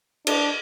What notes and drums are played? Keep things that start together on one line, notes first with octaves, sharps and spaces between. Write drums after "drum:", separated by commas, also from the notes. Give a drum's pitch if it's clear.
D4, drum: cymbal